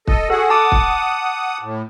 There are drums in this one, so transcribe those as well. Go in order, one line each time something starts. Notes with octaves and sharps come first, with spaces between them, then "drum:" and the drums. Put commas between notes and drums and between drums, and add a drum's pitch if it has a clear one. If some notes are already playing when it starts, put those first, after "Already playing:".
A4 D#5, drum: kick
F#4 G#4 A4 F#5
F#5 A5 D6 D#6
drum: kick
A2